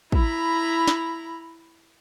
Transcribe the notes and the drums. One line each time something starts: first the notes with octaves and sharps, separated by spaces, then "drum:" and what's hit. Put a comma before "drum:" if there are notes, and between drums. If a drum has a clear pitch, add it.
E4 A#5 B5, drum: kick
drum: snare